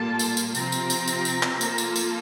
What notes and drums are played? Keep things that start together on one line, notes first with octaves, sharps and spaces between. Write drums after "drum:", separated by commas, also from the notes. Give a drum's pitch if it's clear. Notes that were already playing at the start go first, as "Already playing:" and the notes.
Already playing: A#2 G3 A#3 F4 A4 A5
drum: tambourine
drum: tambourine
C3 F3 C4 F4 A#5, drum: tambourine
drum: tambourine
drum: tambourine
drum: tambourine
drum: tambourine
drum: clap
A#3 F4 A4, drum: tambourine
drum: tambourine
drum: tambourine